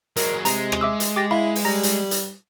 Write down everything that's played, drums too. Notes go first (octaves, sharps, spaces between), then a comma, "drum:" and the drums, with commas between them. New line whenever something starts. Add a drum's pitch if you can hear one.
F#3 G#3 A#4, drum: hi-hat
C3 G#3 A#5, drum: hi-hat
drum: rim click
E5 D6 E6
drum: hi-hat
G4 D6 A6 A#6
E4 F5 B5
drum: open hi-hat
G3 A#5 A#6
drum: hi-hat
drum: hi-hat